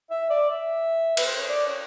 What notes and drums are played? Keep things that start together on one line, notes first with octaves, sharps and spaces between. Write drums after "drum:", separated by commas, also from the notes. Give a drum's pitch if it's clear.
E5
D5
E5
B4, drum: cymbal
C5
C#5
D5
C#5